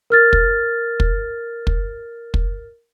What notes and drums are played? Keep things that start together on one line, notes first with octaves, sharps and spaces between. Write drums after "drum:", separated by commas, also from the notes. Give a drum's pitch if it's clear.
A#4 F6 A6
drum: kick
drum: kick
drum: kick
drum: kick